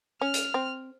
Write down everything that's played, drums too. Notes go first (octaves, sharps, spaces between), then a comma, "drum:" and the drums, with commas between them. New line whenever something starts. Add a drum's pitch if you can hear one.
C#4 F6
drum: hi-hat
C4